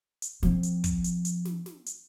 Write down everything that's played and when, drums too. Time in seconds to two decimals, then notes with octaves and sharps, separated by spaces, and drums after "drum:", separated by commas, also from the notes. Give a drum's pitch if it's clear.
0.22 drum: hi-hat
0.43 F3 C4, drum: snare
0.63 drum: hi-hat
0.84 drum: kick, hi-hat
1.04 drum: hi-hat
1.25 drum: hi-hat
1.45 drum: snare
1.66 drum: snare
1.86 drum: hi-hat